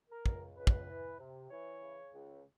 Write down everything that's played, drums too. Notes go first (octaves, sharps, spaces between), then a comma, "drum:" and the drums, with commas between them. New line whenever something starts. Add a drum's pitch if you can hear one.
A#4
C#2, drum: kick
C#2 B4
drum: kick
E3
C3
E3 C#5
C#3
C#2